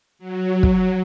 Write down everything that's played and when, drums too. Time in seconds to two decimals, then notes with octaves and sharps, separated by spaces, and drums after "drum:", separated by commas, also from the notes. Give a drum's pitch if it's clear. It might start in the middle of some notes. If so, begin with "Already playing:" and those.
0.19 F#3
0.63 drum: kick